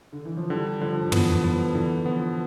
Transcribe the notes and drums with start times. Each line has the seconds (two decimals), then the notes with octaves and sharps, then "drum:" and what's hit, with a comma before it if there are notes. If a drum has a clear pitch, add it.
0.12 D3
0.25 E3
0.37 F3
0.50 D3 G3
0.81 D3 F3
1.01 F3
1.12 E3 B3, drum: tom
1.44 F3 B3
1.75 D3 E3
2.06 F3 B3